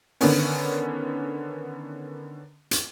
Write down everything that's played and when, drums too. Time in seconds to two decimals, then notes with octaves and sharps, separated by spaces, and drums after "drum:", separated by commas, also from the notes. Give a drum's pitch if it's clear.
0.21 D3 D#3 B3 C#4, drum: open hi-hat
2.71 drum: hi-hat